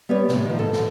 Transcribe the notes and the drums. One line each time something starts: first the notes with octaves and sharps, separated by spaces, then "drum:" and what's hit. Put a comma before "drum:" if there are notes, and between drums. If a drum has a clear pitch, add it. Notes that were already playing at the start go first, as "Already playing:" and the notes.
G3 B3 G4 B4 C#5
A2 C3, drum: snare
D#3 F3
G#2 A4
drum: snare